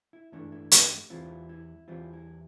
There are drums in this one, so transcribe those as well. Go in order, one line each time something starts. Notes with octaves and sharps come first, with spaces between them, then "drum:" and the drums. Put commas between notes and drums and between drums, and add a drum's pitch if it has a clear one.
E4
G2 E3 A3 D4 E4
E4
G4, drum: hi-hat
E2 E3 G3 C4 E4 F4
E4
E2 E3 G3 C4 E4 F4
E4